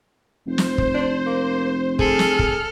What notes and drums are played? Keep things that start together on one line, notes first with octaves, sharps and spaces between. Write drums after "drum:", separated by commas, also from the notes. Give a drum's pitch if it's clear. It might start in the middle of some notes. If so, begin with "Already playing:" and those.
F1 C5
drum: snare
drum: kick
D4
A#3
G#4 A4 F6, drum: kick
drum: snare
drum: kick